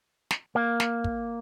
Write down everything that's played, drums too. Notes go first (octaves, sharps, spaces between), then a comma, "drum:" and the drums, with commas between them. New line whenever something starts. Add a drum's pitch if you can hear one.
drum: snare
A#3
drum: snare
drum: kick